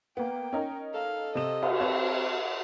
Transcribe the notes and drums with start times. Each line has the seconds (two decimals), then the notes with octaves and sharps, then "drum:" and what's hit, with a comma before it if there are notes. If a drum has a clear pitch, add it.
0.17 A#3 B3 G5
0.53 C#4 D#4 A#4
0.94 A4 F5
1.35 C3 D#5 E7
1.63 drum: cymbal
1.80 C4 A4 B4 C#5 F5